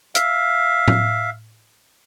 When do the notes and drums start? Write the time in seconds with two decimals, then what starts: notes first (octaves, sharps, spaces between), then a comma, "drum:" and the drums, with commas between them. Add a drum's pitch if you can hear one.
0.15 E5 F5, drum: hi-hat
0.88 drum: tom A2